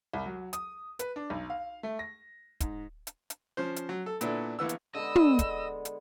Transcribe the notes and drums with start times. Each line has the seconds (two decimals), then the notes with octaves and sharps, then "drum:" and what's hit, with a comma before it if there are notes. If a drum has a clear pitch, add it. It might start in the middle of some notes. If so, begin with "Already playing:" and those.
0.13 C2
0.26 F#3
0.53 D#6, drum: hi-hat
0.99 B4, drum: hi-hat
1.16 D4
1.30 B1
1.50 F5
1.83 A3
1.99 A#6
2.60 G#2, drum: kick, hi-hat
3.07 drum: hi-hat
3.30 drum: hi-hat
3.57 F3 C#4 C5
3.76 drum: hi-hat
3.89 F#3
4.06 A4
4.21 A#2 B3 D4 E4 A4, drum: hi-hat
4.59 A#1 E3 B3 E6
4.69 drum: hi-hat
4.95 D3 G#3 B3 D#5 E6
5.16 drum: tom
5.39 drum: kick, hi-hat
5.85 drum: hi-hat